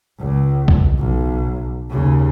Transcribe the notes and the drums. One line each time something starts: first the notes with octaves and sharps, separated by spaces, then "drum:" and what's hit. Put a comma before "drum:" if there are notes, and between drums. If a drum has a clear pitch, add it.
C#2
drum: kick
B1
D#2 C#3